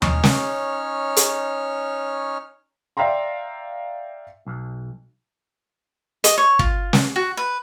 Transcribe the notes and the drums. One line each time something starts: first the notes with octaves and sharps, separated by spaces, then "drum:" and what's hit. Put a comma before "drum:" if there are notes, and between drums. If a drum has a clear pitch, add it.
C#4 D#4 C#5 F6, drum: tom D#2
drum: snare
drum: hi-hat
D5 E5 F5 G5 A#5 C6
B1
D#5, drum: hi-hat
C#5
F4, drum: kick
drum: snare
F#4
B4